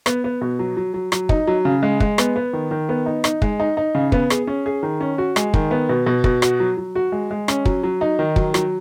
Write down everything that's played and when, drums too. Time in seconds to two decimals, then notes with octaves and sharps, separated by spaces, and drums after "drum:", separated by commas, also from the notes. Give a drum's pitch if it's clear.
0.06 B3, drum: rim click
0.24 B3
0.41 B2
0.59 F#3
0.77 F#3
0.94 F#3
1.12 F#3, drum: rim click
1.29 D#4, drum: kick
1.47 F#3
1.65 C#3
1.83 G#3
2.00 G#3, drum: kick
2.18 B3, drum: rim click
2.36 B3
2.53 D#3
2.71 D#3
2.89 B3
3.06 D#4
3.24 D#4, drum: rim click
3.42 G#3, drum: kick
3.60 D#4
3.77 D#4
3.95 C#3
4.12 B3, drum: kick
4.30 G#4, drum: rim click
4.47 C#4
4.66 G#4
4.83 D#3
5.01 C#4
5.18 F#4
5.36 G#3, drum: rim click
5.54 D#3, drum: kick
5.71 B3
5.89 B2
6.06 B2
6.24 B2, drum: kick
6.42 F#4, drum: rim click
6.60 F#3
6.77 F#3
6.95 F#4
7.12 G#3
7.31 G#3
7.48 C#4, drum: rim click
7.66 F#3, drum: kick
7.83 F#3
8.01 D#4
8.19 D#3
8.36 F#3, drum: kick
8.54 F#3, drum: rim click